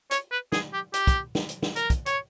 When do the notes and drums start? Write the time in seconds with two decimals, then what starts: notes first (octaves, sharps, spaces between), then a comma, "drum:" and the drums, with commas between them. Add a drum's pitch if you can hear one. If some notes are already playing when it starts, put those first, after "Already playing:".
0.11 C#5, drum: hi-hat
0.32 B4
0.52 G#4, drum: snare
0.73 G4
0.94 G4, drum: hi-hat
1.07 drum: kick, hi-hat
1.35 drum: snare
1.49 drum: hi-hat
1.62 drum: snare
1.76 A#4, drum: hi-hat
1.90 drum: kick, hi-hat
2.06 C#5, drum: hi-hat